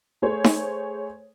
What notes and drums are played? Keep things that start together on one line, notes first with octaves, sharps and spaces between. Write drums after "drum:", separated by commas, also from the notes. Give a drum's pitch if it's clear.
A3 G#4 C5 C#5
drum: snare D#4